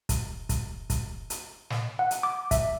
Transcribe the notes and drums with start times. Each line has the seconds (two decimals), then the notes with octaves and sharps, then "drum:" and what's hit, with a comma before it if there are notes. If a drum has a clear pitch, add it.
0.09 drum: kick, hi-hat
0.49 drum: kick, hi-hat
0.90 drum: kick, hi-hat
1.30 drum: hi-hat
1.70 drum: snare
1.99 F#5
2.11 drum: hi-hat
2.23 D6
2.51 E5, drum: kick, hi-hat